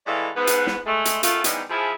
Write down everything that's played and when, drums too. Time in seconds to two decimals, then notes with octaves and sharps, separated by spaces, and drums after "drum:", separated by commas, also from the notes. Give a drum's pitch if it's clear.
0.06 A2 E3 G#3 A4 D5 F5
0.36 G#2 B3 B4
0.47 drum: hi-hat
0.67 drum: snare
0.86 G#3 A3
1.05 drum: hi-hat
1.23 F#2 A3 F4, drum: hi-hat
1.44 G#2 E3 G3 B3 D#4 G4, drum: hi-hat
1.70 F3 E4 G#4